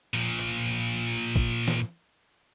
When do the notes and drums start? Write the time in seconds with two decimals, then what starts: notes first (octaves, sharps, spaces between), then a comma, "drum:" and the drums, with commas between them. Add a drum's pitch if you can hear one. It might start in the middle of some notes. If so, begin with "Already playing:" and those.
0.14 A#2 F3, drum: open hi-hat
0.39 drum: hi-hat
1.36 drum: kick
1.68 drum: snare E3